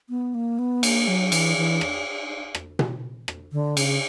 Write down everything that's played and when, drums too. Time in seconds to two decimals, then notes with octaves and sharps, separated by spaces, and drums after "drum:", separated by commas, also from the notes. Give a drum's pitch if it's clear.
0.09 B3
0.35 A#3
0.59 B3
0.83 A#3, drum: cymbal
1.08 F#3
1.32 E3, drum: cymbal
1.57 E3
1.81 drum: rim click
2.55 drum: rim click
2.79 drum: tom B2
3.28 drum: rim click
3.52 D3
3.77 C#3, drum: cymbal